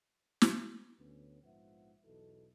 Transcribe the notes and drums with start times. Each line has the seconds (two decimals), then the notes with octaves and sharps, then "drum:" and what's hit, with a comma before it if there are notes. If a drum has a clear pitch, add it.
0.42 drum: snare
0.98 D2 B3 C#4
1.42 A#1 G#2 F3 B3 E5 F#5
2.04 B1 E2 B2 E4 A4